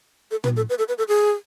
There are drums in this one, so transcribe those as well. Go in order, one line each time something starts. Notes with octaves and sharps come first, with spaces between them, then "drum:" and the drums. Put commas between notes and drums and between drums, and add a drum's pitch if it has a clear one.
A4
B4, drum: tom
A4
B4
A4
B4
A4
G#4